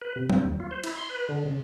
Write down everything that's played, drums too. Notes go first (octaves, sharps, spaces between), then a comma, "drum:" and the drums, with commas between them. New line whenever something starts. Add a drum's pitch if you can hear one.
B4
C3
C4, drum: tom F#3
D#2
F4
C5
E4, drum: cymbal
C6
B4
D3
C#3